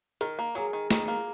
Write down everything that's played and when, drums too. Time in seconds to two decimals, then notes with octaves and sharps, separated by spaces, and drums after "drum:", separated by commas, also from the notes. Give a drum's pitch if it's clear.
0.21 D#3 A#4, drum: hi-hat
0.39 A#3
0.55 F#3 G#4
0.73 D#3
0.91 D#3, drum: snare
1.08 A#3